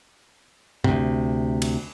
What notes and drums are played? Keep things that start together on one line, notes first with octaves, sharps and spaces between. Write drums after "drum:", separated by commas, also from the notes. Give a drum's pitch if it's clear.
D2 C3, drum: tom F#2
drum: cymbal